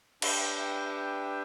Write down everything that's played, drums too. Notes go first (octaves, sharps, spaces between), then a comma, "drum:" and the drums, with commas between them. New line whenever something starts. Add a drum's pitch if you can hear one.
D4 G4 B4 E5 G5, drum: cymbal